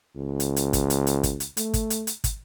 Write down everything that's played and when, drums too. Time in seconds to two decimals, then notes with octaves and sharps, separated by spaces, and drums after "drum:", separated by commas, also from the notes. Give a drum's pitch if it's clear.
0.16 C#2
0.40 drum: hi-hat
0.56 drum: hi-hat
0.73 drum: kick, hi-hat
0.90 drum: hi-hat
1.07 drum: hi-hat
1.23 drum: kick, hi-hat
1.40 drum: hi-hat
1.57 A3, drum: hi-hat
1.74 drum: kick, hi-hat
1.90 drum: hi-hat
2.07 drum: hi-hat
2.24 drum: kick, hi-hat